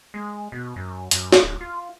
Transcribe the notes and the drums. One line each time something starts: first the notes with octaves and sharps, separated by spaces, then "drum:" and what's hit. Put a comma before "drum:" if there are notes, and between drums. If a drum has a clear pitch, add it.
G#3
B2
F#2
F#2, drum: hi-hat
drum: snare
D1
F4